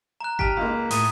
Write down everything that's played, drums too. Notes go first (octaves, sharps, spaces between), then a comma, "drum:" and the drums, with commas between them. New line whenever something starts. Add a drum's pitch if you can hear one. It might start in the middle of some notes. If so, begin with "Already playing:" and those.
A#5 F#6
G4 A5 F6 B6 D7, drum: kick G#1
C#2 A#3
A2 D#6, drum: open hi-hat